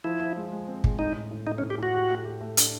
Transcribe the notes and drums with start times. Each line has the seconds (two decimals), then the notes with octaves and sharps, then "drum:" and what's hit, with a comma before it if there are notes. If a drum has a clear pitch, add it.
0.04 F3 E4
0.20 F3
0.37 G#3
0.52 G#3
0.68 C4
0.84 G#3, drum: kick
0.99 A2 D#4
1.15 A2
1.31 A2
1.47 A2 D#4
1.58 C#4
1.62 A2
1.70 G4
1.78 A2 F#4
1.94 G4
2.10 A3
2.25 G4
2.41 A3
2.57 D4, drum: hi-hat